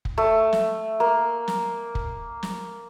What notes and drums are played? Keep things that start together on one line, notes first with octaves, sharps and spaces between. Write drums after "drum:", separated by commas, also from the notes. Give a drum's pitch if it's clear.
drum: kick
A3
drum: snare
A#3
drum: snare
drum: kick
drum: snare